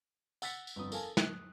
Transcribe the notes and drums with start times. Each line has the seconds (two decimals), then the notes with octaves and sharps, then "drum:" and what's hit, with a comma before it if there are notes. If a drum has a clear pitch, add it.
0.42 F#5 E6 A6 B6 C#7, drum: tambourine
0.67 drum: tambourine
0.76 G1 F2 D#6
0.92 A4 A#4 F5 G#5 A5, drum: tambourine
1.17 F#6, drum: snare